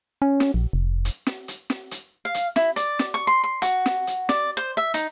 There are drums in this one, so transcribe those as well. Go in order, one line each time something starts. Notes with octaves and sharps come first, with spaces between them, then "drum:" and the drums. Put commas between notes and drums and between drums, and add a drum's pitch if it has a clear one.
C#4
drum: snare
A#1
F1
drum: hi-hat
drum: snare
drum: hi-hat
drum: snare
drum: hi-hat
F5
drum: hi-hat
E4, drum: snare
D5, drum: hi-hat
drum: snare
C#6
C6
C6
F#4, drum: hi-hat
drum: snare
drum: hi-hat
D5, drum: snare
C5
E5
D#4, drum: hi-hat